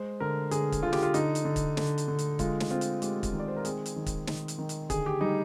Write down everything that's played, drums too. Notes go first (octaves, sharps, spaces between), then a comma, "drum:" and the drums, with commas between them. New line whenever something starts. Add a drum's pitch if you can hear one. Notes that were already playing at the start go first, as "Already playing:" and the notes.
Already playing: G#3 C5
D3 A#4
D3 G#4, drum: hi-hat
drum: kick, hi-hat
D3 F4
G4, drum: snare
F4
D3 D#4, drum: hi-hat
drum: hi-hat
D3
drum: kick, hi-hat
D3, drum: snare
drum: hi-hat
D3
drum: hi-hat
G#3 F4, drum: kick, hi-hat
drum: snare
C4 F4
drum: hi-hat
G#3 G4, drum: hi-hat
drum: kick, hi-hat
D#3
D5
C5
A#4
C4 G#4, drum: hi-hat
drum: hi-hat
D#3
drum: kick, hi-hat
D#3, drum: snare
drum: hi-hat
D#3
drum: hi-hat
D3 G#4, drum: kick, hi-hat
G4
G3 D#4